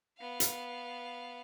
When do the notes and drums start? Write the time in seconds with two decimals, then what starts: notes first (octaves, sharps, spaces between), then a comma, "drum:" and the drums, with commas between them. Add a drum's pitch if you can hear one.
0.18 B3 F5
0.40 drum: hi-hat